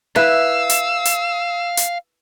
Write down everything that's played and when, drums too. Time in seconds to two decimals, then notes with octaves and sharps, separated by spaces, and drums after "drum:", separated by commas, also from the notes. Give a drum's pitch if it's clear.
0.16 E4 B4 E5 F5 E6
0.70 drum: hi-hat
1.05 drum: hi-hat
1.77 drum: hi-hat